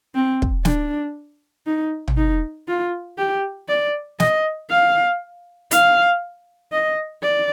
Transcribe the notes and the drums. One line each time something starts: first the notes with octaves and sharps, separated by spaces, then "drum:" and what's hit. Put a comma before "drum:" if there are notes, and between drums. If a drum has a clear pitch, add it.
C4
drum: kick
D4, drum: snare
D#4
drum: tom
D#4
F4
G4
D5
D#5, drum: snare
F5
F5, drum: hi-hat
D#5
D5